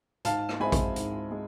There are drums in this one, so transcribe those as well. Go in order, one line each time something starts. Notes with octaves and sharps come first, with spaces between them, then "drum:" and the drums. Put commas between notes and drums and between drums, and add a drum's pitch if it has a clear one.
G#2 F5 A5, drum: hi-hat
drum: rim click
G#3 C4 E4 G#5 B5
drum: kick A1, hi-hat
G#2, drum: hi-hat
G#3